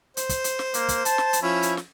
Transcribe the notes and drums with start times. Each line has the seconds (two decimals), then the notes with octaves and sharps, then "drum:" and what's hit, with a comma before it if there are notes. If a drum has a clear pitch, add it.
0.17 C5, drum: hi-hat
0.29 drum: kick, hi-hat
0.44 drum: hi-hat
0.59 drum: snare
0.74 A#3, drum: hi-hat
0.89 drum: kick, hi-hat
1.05 A5, drum: hi-hat
1.18 drum: snare
1.33 drum: hi-hat
1.42 F3 C#4 E4
1.63 drum: hi-hat
1.77 drum: snare